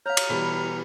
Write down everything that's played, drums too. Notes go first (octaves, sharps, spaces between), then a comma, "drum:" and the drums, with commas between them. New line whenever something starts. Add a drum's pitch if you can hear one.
C#5 F5 A#5 F6
drum: cymbal
B2 E3 G3